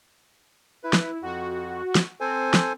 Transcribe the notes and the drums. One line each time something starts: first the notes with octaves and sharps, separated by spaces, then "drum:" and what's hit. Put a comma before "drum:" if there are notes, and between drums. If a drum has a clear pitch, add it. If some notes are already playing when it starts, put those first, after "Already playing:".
E4 B4
drum: snare
F2 F#4
drum: snare
C4 A4 C5 G#5
drum: snare